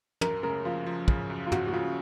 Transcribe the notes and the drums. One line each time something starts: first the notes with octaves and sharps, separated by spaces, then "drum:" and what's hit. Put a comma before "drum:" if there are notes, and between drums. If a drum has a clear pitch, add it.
F#2 A#4, drum: tom
C#3 A#4
F3 F4
F3
C#3, drum: kick
F#2
F4
F3 F#4, drum: tom
F#4
C#3 F4